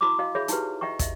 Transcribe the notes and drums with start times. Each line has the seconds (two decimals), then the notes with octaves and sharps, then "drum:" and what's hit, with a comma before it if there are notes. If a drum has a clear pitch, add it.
0.01 E4 F#4 B5 C6 D6
0.19 F#4 D#5 F5
0.35 G#4 C#5 E5 B5
0.48 D#4 E4 F#4 G4 B4, drum: hi-hat
0.81 D#5 E5 G5 A#5 C#6
0.99 D#5 E5, drum: kick, hi-hat